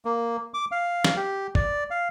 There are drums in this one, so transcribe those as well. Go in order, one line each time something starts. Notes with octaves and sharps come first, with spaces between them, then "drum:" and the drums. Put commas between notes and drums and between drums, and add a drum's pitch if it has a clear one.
A#3
D6
F5
drum: snare
G4
D5, drum: kick
F5